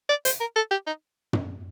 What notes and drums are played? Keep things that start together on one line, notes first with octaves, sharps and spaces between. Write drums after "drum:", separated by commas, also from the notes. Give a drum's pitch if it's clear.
D5
C5, drum: hi-hat
A#4
A4
G4
D#4
drum: tom